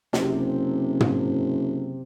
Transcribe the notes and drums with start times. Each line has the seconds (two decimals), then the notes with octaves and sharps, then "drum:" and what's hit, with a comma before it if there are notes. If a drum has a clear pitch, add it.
0.13 F#1 C3, drum: snare
1.00 drum: tom